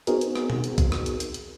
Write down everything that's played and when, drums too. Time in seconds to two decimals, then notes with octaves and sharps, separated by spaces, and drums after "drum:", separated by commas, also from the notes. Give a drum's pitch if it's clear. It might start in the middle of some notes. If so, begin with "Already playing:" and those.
0.07 B3 C4 D#4 F#4 G#4 A#4, drum: hi-hat
0.21 drum: hi-hat
0.36 drum: rim click
0.50 drum: tom B2
0.64 drum: hi-hat
0.78 drum: kick A#1, hi-hat
0.92 drum: rim click
1.06 drum: hi-hat
1.20 drum: hi-hat
1.34 drum: hi-hat